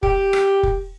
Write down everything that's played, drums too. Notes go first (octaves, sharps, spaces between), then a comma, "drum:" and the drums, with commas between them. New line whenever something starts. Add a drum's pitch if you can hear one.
G4, drum: kick
drum: rim click
drum: kick